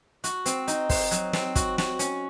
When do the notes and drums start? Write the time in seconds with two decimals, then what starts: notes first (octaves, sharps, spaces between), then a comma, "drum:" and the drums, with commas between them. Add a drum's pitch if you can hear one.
0.24 F#4, drum: hi-hat
0.46 C4, drum: hi-hat
0.68 D#4, drum: hi-hat
0.89 C5, drum: kick, open hi-hat
1.11 F#3, drum: hi-hat
1.33 C4, drum: snare
1.55 F#4, drum: kick, hi-hat
1.78 F#4, drum: snare
1.99 C#4, drum: hi-hat